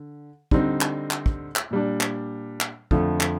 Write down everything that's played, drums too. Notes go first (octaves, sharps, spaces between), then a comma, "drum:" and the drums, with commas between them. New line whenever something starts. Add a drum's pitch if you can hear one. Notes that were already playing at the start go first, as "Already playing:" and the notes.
Already playing: D3
D3 G3 C4 D#4, drum: kick
drum: clap
drum: clap
drum: kick
drum: clap
A#2 G3 D4
drum: clap
drum: clap
F2 D3 F3 A3, drum: kick
drum: clap